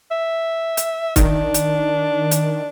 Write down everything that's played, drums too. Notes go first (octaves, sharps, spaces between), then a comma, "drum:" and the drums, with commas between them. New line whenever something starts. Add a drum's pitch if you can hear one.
E5
drum: hi-hat
D#3 D4, drum: kick, hi-hat
drum: hi-hat
drum: hi-hat